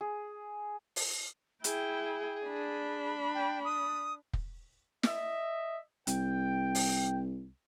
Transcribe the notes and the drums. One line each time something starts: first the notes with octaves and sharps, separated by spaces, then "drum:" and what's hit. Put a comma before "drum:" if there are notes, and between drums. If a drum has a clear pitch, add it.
G#4
drum: open hi-hat
E4 G#4 G5, drum: hi-hat
D4 B5
G5
D#6
drum: kick
D#5 E5, drum: snare
C2 G5, drum: hi-hat
drum: open hi-hat